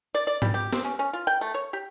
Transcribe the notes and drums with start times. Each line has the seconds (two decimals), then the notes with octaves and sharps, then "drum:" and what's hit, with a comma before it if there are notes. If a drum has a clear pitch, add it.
0.15 D5
0.27 D5
0.42 G3, drum: tom G#2
0.54 G4
0.73 C4, drum: snare
0.85 C#4
0.99 C#4
1.13 F4
1.27 G5
1.41 A3
1.54 C#5
1.73 G4